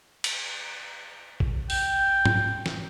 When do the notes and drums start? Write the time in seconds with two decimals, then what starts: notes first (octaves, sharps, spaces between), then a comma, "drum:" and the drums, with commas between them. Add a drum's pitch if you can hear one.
0.24 drum: cymbal
1.40 drum: kick A1
1.70 G5, drum: open hi-hat
2.25 drum: tom G#2
2.66 drum: snare